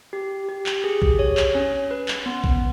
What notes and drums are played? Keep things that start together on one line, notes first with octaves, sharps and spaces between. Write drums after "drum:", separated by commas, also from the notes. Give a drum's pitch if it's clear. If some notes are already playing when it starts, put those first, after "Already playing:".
G4
G4
drum: clap
G#4
drum: kick
C#5
drum: clap
C#4
B4
drum: clap
B3
drum: kick